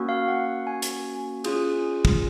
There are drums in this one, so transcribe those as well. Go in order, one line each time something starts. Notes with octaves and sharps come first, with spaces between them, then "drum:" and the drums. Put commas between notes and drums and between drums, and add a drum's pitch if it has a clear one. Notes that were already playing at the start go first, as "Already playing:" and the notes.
Already playing: A#3 C#4 F#4
F5
F#5
G#5
drum: hi-hat
C#4 F4 G#4, drum: cymbal
drum: kick